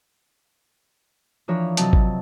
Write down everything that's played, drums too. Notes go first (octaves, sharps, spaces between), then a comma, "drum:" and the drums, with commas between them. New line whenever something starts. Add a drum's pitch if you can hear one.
E3 F3 D4 A#4 C#5
C3 F#3 D#5 A5, drum: hi-hat
drum: kick G#1